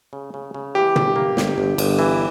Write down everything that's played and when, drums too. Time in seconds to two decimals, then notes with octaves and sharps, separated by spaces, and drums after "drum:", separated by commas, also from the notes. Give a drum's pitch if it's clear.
0.13 C#3
0.34 C#3
0.54 C#3
0.75 E3 G4
0.96 G1, drum: tom
1.16 A#3
1.37 G1, drum: snare
1.58 G1
1.78 G1, drum: cymbal
1.99 E3